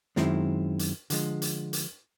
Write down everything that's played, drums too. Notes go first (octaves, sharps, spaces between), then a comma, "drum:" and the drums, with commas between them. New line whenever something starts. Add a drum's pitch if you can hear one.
F#2 D#3 G#3 C4 E4, drum: snare
drum: hi-hat
D3 F3 G#3, drum: hi-hat
drum: hi-hat
drum: hi-hat